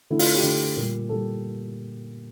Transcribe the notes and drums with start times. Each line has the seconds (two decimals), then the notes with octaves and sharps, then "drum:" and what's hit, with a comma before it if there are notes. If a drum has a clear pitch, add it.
0.10 D3 A3 E4
0.19 F4, drum: open hi-hat
0.35 G4
0.43 D3 A3
0.77 A#2 G3
1.09 A#2 G3 A4